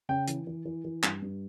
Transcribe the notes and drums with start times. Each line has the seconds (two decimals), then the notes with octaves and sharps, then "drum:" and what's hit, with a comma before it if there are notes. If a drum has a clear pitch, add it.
0.09 C#3 G5
0.28 E3, drum: hi-hat
0.47 E3
0.65 E3
0.85 E3
1.03 G2, drum: clap
1.22 G2